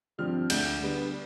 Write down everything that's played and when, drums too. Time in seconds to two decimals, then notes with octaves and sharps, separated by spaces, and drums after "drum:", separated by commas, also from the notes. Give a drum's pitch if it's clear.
0.18 G2 F3 C4 F6
0.50 D2 G6, drum: cymbal
0.81 D3 G3 B3